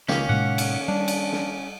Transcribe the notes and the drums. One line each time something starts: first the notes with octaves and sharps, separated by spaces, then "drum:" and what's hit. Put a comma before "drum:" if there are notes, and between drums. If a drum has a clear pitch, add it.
C#2 D#3 A#3 C#4 G4, drum: snare
A2 C3 G#3 F#5
drum: cymbal
G3 D4
drum: cymbal
drum: snare